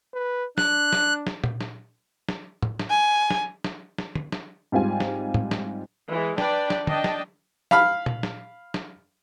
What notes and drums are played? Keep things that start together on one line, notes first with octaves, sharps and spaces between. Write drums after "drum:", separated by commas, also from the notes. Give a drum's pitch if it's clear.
B4
D4 F#6, drum: snare
drum: snare
drum: snare
drum: tom A#2
drum: snare
drum: snare
drum: tom A2
drum: snare
G#5
drum: snare
drum: snare
drum: snare
drum: tom
drum: snare
G#2 G3 C4 F4 G#5
drum: snare
drum: tom A2
drum: snare
E3 G#3
D4 B4 D5 G5, drum: snare
drum: snare
D4 D5 D#5 G5 A5, drum: tom
drum: snare
F5 B5 F6, drum: snare
drum: tom A#2
drum: snare
drum: snare